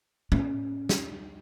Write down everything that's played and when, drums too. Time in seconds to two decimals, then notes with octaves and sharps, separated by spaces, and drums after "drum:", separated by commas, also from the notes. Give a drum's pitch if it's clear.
0.32 C#4, drum: tom A2
0.89 drum: snare